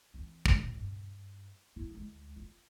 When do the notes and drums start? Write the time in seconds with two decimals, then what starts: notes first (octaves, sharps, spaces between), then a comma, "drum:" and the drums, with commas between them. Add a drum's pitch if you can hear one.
0.14 E3 C4
0.46 drum: kick
0.60 A#2
0.76 G2
1.76 E4
1.91 D2 G#3
2.36 F4